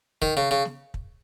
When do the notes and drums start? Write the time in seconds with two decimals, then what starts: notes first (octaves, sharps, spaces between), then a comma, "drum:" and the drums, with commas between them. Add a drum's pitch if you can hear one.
0.22 D#3, drum: kick
0.37 C#3
0.51 C#3
0.65 drum: snare
0.94 drum: kick